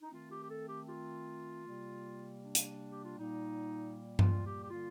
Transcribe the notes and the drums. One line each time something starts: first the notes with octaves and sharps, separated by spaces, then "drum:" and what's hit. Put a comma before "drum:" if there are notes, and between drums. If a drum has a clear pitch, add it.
D#4
D#3 A3 C4 F4
G4
G4
A4
G4
G4
F4
C3 G3 A#3
D4
drum: hi-hat
G4
F4
A#2 G3 A#3 D#4
F4, drum: tom G2
G4
G4
D3 G3 A#3 F4